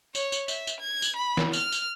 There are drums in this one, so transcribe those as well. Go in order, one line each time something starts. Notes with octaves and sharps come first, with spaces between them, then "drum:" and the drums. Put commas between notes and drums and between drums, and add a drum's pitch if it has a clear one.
C#5, drum: tambourine
drum: tambourine
E5, drum: tambourine
drum: tambourine
G#6
drum: tambourine
B5
drum: snare
F6, drum: tambourine
drum: tambourine